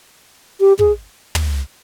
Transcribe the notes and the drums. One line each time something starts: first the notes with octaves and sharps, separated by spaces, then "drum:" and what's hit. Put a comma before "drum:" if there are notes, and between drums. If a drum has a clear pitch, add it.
G4
G#4, drum: kick
drum: tom